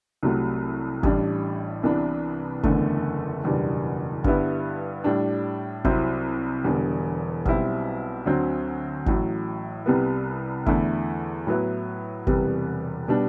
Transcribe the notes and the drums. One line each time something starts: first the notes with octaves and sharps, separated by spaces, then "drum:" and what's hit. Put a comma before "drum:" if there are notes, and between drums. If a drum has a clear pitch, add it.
C2 C3 F#3 A3
A1 A2 G3 D4, drum: kick G1
C2 C3 E3 B3 D4
F#1 E2 D3 A3, drum: kick G1
F#1 E2 B2 G3 D4
G2 D3 G3 B3 E4, drum: kick G1
A2 G3 D4
C2 C3 F#3 C4 E4, drum: kick G1
E1 E2 D3 G3
B1 B2 G3 C4 E4, drum: kick G1
D2 D3 F#3 C4
A1 A2 F#3, drum: kick G1
C2 C3 G3 B3
E2 D3 A3 E4, drum: kick G1
A2 F#3 B3 E4
E1 E2 C3 G3 B3, drum: kick G1
B2 G3 D4